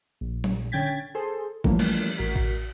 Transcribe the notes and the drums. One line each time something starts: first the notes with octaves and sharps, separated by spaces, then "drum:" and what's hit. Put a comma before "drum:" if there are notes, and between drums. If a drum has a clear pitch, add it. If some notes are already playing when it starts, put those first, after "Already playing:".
A#1
drum: tom F#3
D3 C#4 G5 G#6 A6 B6
G#4 A4 C5 C6
E3 F3 G3 A3 A#3 C#4, drum: kick A1
drum: cymbal
A1 F#4 A#4 B6
drum: kick A1